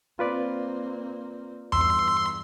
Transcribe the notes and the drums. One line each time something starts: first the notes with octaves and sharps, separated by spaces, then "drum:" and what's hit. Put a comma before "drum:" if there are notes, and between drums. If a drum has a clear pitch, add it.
A#3 C4 F4 B4 D5
E2 G2 C6 E6, drum: tom E2